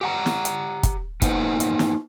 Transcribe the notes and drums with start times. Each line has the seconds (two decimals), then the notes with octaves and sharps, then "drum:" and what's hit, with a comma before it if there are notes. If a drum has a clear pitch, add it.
0.01 G4 F#5 A#5
0.26 drum: snare
0.45 drum: hi-hat
0.83 drum: kick, hi-hat
1.22 A#3 B3 D#4 B4 C5 F#5, drum: kick, hi-hat
1.60 drum: hi-hat
1.79 drum: snare